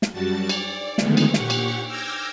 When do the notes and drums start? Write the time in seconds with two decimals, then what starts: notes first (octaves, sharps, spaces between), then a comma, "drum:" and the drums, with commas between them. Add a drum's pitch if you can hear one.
0.02 drum: snare
0.13 F#2 G3 F#4 A5 A6
0.49 D5, drum: cymbal
0.98 D3 D#3 F3 G#3 A3 B3, drum: snare
1.17 drum: cymbal
1.34 A#2 G4 F#5 C#6, drum: snare
1.50 drum: cymbal
1.86 D6 E6 F6 G6 G#6 A#6